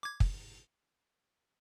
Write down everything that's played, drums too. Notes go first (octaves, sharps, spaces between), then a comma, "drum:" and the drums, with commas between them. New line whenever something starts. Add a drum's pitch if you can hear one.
D6 G#6
drum: kick